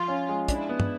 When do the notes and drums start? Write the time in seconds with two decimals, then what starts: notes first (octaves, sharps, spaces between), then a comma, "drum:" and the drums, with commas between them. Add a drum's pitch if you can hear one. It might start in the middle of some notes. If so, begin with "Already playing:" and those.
Already playing: F3 F4
0.08 C#4
0.29 G#3
0.48 D4 E4, drum: kick, hi-hat
0.69 B3
0.80 drum: tom